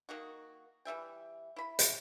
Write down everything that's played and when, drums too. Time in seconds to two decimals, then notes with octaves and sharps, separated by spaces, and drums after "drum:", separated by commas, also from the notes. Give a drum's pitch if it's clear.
0.09 D#3 A#3 D#4 F#4
0.85 E3 G3 E5 G5
1.56 E4 B5
1.79 drum: hi-hat